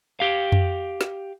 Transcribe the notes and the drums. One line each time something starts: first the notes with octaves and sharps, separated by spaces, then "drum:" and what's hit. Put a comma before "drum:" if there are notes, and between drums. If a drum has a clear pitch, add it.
G4 F5
drum: tom F2
drum: snare